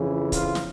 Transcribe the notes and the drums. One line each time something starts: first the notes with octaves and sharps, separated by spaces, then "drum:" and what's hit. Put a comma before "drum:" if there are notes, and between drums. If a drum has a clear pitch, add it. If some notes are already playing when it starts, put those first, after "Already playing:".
Already playing: F2 C#3 E3
F4, drum: kick, hi-hat
drum: snare